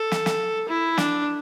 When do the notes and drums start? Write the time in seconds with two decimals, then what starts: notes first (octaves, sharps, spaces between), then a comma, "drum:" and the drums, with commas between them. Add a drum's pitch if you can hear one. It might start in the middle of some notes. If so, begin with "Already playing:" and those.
Already playing: A4
0.12 drum: snare
0.26 drum: snare
0.69 E4
0.98 D4, drum: snare